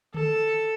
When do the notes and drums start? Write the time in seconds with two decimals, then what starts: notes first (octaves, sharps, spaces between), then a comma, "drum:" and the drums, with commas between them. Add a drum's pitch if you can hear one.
0.14 A4, drum: tom D3